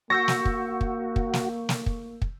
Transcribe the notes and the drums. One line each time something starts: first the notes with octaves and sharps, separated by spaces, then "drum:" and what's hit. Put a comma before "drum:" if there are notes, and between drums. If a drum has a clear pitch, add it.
A#3 F#4 C#6 E6 G6 A#6
drum: snare
drum: kick
drum: kick
drum: kick
drum: snare
drum: snare
drum: kick
drum: kick